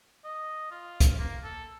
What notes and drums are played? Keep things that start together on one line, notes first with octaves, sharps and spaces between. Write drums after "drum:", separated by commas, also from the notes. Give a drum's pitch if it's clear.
D#5
F4
drum: kick, hi-hat
A#3
A4